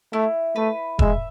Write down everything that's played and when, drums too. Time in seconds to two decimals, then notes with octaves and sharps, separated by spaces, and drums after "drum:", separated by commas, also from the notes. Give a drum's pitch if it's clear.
0.13 A3 E4
0.56 A3 B4
0.99 G#3 E5, drum: kick E1